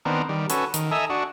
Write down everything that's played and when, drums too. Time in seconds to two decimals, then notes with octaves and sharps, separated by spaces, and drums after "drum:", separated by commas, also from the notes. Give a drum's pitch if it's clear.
0.05 D#3 B3 C4 D4 A#4
0.29 D#3 G3
0.50 C#4 F#4 A4 B4, drum: hi-hat
0.74 D#3, drum: hi-hat
0.91 A4 D#5 E5 G#5 A#5
1.10 D4 F#4